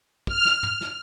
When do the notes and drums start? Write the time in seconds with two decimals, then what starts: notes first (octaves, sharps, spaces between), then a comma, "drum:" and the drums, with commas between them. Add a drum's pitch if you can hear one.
0.27 F6, drum: kick
0.45 drum: snare
0.63 drum: tom
0.81 drum: snare